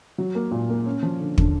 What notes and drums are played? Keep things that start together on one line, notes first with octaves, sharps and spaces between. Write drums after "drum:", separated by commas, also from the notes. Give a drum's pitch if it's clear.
F#3
A#3
A#2
A#3
C#4
F3
D3
D3, drum: kick